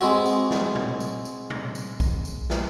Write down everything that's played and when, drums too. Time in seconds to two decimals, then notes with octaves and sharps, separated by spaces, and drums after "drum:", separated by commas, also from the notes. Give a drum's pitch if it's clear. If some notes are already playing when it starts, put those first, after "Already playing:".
0.01 G#3 B3 C4 F#4
0.26 drum: tambourine
0.51 drum: snare
0.75 drum: tom
1.00 drum: tambourine
1.25 drum: tambourine
1.50 drum: tom
1.75 drum: tambourine
2.00 drum: kick A#1, tambourine
2.25 drum: tambourine
2.50 drum: snare